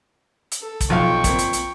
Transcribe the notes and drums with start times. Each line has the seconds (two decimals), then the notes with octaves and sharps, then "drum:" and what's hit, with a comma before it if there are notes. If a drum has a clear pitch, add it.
0.52 drum: hi-hat
0.61 A4
0.81 drum: kick, hi-hat
0.90 B1 F3 F5 G5 C#6
1.24 A#2 C4, drum: kick, hi-hat
1.38 drum: hi-hat
1.53 drum: hi-hat